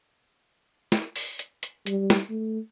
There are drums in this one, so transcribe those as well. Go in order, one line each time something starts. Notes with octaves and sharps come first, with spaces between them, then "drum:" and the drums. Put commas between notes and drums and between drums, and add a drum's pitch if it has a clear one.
drum: snare
drum: open hi-hat
drum: hi-hat
drum: hi-hat
G3, drum: hi-hat
drum: snare
A3